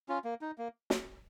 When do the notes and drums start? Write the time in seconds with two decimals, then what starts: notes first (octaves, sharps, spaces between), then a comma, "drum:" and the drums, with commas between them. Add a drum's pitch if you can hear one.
0.09 C#4 F4
0.24 A#3
0.41 D#4
0.58 A#3
0.90 drum: snare